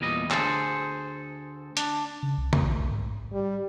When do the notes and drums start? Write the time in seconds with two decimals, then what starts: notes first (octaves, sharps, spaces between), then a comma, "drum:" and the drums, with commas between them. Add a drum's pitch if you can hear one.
0.01 E2 A#2 G3 D#5
0.31 D2 G#4 A4 C5, drum: clap
1.77 D4, drum: hi-hat
2.23 C#3
2.38 C2
2.53 F2, drum: tom
2.64 A#1
2.79 B1
2.91 G#2
3.33 G3